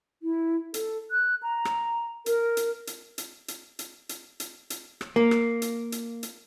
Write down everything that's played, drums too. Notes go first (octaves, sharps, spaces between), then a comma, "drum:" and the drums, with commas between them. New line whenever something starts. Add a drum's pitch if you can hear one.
E4
A4, drum: hi-hat
F#6
A#5
drum: rim click
A#4, drum: hi-hat
drum: hi-hat
drum: hi-hat
drum: hi-hat
drum: hi-hat
drum: hi-hat
drum: hi-hat
drum: hi-hat
drum: hi-hat
drum: rim click
A#3
drum: rim click
drum: hi-hat
drum: hi-hat
drum: hi-hat